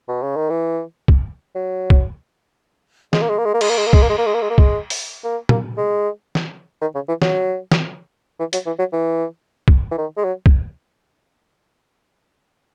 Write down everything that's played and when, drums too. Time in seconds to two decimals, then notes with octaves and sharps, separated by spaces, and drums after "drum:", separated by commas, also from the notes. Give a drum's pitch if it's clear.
0.08 B2
0.22 C#3
0.36 D#3
0.50 E3
1.08 drum: kick
1.55 F#3
1.90 drum: kick
3.13 G#3, drum: snare
3.21 A#3
3.29 G#3
3.38 A#3
3.45 G#3
3.54 A#3
3.61 G#3, drum: cymbal
3.69 A#3
3.77 G#3
3.86 A#3
3.93 G#3, drum: kick
4.02 A#3
4.09 G#3
4.18 A#3
4.26 G#3
4.34 A#3
4.42 G#3
4.50 A#3
4.58 G#3, drum: kick
4.90 drum: open hi-hat
5.24 A#3
5.49 A#3, drum: tom
5.77 G#3
6.35 drum: snare
6.81 D#3
6.95 C#3
7.08 E3
7.22 F#3, drum: snare
7.72 drum: snare
8.39 E3
8.53 F#3, drum: hi-hat
8.66 E3
8.79 F#3
8.93 E3
9.68 drum: kick
9.91 E3
9.98 D#3
10.17 G#3
10.24 F#3
10.46 drum: kick